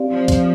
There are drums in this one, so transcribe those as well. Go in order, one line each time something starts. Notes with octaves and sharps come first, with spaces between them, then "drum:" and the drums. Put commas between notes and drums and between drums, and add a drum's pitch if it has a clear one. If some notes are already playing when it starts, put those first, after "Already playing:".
Already playing: C4 G4 D5 F5
F3 C4
drum: kick, hi-hat